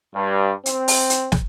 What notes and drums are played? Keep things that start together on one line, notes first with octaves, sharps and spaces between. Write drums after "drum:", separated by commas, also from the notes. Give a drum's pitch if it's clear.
G2
C4, drum: hi-hat
drum: open hi-hat
drum: hi-hat
drum: snare